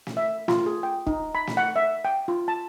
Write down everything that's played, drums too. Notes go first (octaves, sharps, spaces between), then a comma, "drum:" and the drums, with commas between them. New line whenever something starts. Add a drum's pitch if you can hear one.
drum: snare
E5
F4, drum: snare
G#4
G5
D#4, drum: kick
B5
drum: snare
F#5
E5
G5
F4
A5